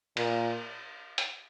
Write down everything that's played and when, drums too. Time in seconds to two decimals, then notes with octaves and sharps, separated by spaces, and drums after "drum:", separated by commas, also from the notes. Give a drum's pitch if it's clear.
0.17 A#2, drum: cymbal
1.18 drum: hi-hat